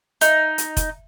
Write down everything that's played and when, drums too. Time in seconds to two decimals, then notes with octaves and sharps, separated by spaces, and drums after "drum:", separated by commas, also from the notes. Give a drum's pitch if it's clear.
0.21 D#4, drum: hi-hat
0.58 drum: hi-hat
0.77 drum: kick F1, hi-hat